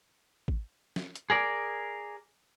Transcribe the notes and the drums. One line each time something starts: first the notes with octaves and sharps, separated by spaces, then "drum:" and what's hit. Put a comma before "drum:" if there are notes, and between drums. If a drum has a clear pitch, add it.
drum: kick
drum: snare
drum: hi-hat
G#4 A#4 D5